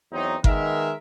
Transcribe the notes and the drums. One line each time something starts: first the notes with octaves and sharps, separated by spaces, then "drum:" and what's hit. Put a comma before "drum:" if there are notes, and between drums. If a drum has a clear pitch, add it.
E2 F#3 C4 D#4
D#3 G#3 B3 A#4 E5, drum: kick G1